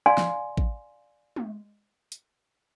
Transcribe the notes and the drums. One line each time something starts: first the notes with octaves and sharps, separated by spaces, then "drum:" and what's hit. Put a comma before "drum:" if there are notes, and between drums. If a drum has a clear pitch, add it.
D5 F5 G#5 C6
drum: snare
drum: kick A1
drum: tom G#3
drum: hi-hat